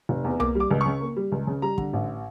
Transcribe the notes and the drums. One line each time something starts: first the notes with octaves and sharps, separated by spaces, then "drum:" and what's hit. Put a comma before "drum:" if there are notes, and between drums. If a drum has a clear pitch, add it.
F1
E2
A#3 D6, drum: tom C2
G3
D6
C#2
C#3 C#6
A#3
G3
C#2
C#3
G3 A#5
D3, drum: kick
A1